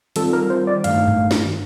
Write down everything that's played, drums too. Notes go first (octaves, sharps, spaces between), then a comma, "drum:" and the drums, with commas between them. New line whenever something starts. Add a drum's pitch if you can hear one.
D#3 G3 C4 F4 A4, drum: hi-hat
A#4
C5
D5
G2 D#3 A3 F5, drum: hi-hat
drum: tom G2
drum: snare